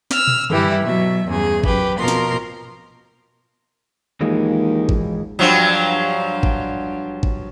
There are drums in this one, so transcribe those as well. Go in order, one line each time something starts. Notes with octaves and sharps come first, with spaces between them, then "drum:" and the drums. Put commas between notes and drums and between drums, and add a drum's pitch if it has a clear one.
E6 F6, drum: snare
drum: tom
G2 E3 G3 E4 G4, drum: tom D3
B2 F#3 E5
E2 G2 C#3 G#4
F#2 G4 B4, drum: kick G#1
B2 F3 A#4 C6
drum: snare
D#2 E3 F3 G#3
drum: kick G#1
G2 F3 F#3
drum: kick G#1
drum: kick G#1